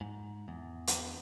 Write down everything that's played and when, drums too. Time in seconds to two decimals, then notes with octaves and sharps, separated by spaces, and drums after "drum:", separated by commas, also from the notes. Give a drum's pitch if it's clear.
0.01 G#2
0.48 E2
0.87 drum: hi-hat